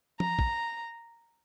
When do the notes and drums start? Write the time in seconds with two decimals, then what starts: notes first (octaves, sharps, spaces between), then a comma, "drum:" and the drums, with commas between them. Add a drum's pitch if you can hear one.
0.20 A#5, drum: tom F3
0.39 drum: kick